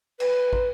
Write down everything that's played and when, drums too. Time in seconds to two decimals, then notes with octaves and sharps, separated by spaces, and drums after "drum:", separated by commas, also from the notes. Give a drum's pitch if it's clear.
0.20 B4, drum: cymbal
0.53 drum: kick